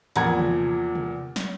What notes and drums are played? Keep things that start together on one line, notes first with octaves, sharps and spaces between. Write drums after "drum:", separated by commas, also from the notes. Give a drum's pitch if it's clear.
E2 A#2 F3 F#5 A#5 G#6, drum: hi-hat
drum: tom C3
drum: tom C3
drum: snare